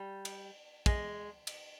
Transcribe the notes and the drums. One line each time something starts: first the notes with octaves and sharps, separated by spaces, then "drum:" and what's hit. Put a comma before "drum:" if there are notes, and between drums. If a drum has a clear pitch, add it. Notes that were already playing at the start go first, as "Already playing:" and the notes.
Already playing: G3
drum: cymbal
G#3, drum: kick, cymbal
drum: cymbal